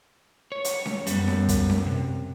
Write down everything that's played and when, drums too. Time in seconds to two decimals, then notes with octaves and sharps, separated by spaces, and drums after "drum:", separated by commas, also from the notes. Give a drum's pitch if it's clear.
0.52 C#5
0.64 drum: hi-hat
0.86 drum: snare C#4
1.07 F#2 G3 B3, drum: hi-hat
1.28 drum: snare C#4
1.49 drum: kick, hi-hat
1.70 drum: snare C#4
1.86 C3